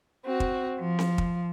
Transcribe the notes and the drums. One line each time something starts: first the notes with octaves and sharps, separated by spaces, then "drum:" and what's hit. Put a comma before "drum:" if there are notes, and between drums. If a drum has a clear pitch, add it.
C4 F#4
drum: kick
F3
drum: snare C4
drum: kick